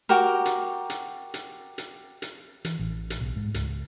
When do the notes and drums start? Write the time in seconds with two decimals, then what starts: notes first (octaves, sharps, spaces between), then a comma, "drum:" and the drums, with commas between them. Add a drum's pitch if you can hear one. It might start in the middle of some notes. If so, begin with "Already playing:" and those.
0.09 F#4 G4 A#4
0.45 drum: hi-hat
0.90 drum: hi-hat
1.34 drum: hi-hat
1.78 drum: hi-hat
2.22 drum: hi-hat
2.65 E3, drum: hi-hat
2.79 A1
3.10 drum: hi-hat
3.20 B1
3.36 G#2
3.54 C#2, drum: hi-hat